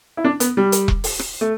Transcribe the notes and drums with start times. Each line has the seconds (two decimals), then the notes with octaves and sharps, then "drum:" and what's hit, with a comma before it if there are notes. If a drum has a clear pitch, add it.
0.17 E4
0.25 D4
0.40 B3, drum: hi-hat
0.57 G3
0.72 drum: hi-hat
0.88 drum: kick E1
1.04 drum: open hi-hat
1.19 drum: rim click
1.41 A3